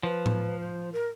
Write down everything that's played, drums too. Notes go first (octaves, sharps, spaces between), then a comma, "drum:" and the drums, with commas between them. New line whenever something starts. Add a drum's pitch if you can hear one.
F3 B4
drum: tom A2
C5
A#4